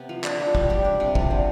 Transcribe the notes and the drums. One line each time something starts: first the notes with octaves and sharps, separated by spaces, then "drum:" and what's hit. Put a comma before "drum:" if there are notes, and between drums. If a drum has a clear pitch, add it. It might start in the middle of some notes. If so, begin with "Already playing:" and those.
Already playing: C3 B3
F3
D4, drum: clap
F3
G3, drum: kick
G4
D4
C3
F3, drum: kick
D3